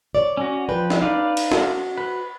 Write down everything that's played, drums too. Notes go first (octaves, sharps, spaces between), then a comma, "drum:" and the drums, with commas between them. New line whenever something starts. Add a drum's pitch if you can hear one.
C#5 D5
C#4 F#4
F3 B4 G5
drum: snare
D#4 B4 D5 F5
drum: cymbal
F#4, drum: snare
B4